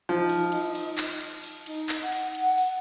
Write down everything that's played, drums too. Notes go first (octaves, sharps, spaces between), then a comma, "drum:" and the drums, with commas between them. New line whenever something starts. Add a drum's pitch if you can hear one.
F3 D#4
drum: cymbal
drum: cymbal
drum: cymbal
drum: clap
drum: cymbal
drum: cymbal
D#4, drum: cymbal
drum: clap
F#5
drum: cymbal
drum: cymbal
drum: cymbal